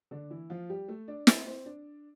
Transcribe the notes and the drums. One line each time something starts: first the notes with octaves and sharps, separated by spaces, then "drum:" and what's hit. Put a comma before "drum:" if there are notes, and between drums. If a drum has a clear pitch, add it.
D3 D4
E3 E4
F3 F4
G3 G4
A3 A4
D4 D5
C4 C5, drum: snare
C4 C5
D4 D5